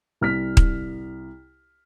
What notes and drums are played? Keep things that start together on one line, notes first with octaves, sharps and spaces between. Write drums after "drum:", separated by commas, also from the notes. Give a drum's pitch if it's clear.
C2 F6 B6
drum: kick D#1